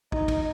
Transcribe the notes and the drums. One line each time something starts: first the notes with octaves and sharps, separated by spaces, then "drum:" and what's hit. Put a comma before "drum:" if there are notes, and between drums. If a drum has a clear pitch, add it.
D#4, drum: kick
drum: kick, cymbal